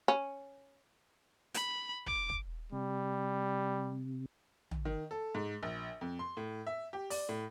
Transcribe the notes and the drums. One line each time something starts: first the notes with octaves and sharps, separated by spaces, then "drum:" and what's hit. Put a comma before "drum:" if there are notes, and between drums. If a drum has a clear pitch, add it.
C#4
B5, drum: hi-hat
D6, drum: kick
drum: kick
C3 G3
drum: tom
D#3
A4
G#2
A#1
F2
C6
A2
E5
G4
D5, drum: open hi-hat
A2